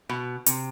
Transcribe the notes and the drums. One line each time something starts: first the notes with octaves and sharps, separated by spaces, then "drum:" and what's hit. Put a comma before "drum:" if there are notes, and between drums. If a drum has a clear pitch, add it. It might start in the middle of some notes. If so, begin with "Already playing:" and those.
B2
C3, drum: hi-hat